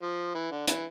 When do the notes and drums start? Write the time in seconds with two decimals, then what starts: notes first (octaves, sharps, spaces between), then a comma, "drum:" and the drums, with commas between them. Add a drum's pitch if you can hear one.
0.03 F3
0.35 E3
0.51 D3
0.67 E3, drum: hi-hat